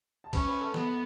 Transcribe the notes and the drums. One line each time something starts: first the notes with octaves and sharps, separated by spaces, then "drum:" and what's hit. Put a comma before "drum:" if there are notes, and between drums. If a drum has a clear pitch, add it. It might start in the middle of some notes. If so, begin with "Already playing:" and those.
A5
C#4 B4 B5, drum: kick, cymbal
B4 B5
A4 A5
B3, drum: snare